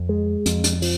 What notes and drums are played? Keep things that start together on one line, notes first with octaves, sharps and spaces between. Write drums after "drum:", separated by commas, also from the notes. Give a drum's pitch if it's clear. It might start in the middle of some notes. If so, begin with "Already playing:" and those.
Already playing: F2
G#3
F2, drum: hi-hat
drum: hi-hat
F3, drum: open hi-hat